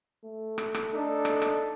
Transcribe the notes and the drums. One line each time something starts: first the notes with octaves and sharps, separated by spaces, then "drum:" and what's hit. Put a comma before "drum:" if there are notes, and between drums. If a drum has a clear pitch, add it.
A3
drum: rim click
drum: rim click
D4 D#4 A4
drum: rim click
drum: rim click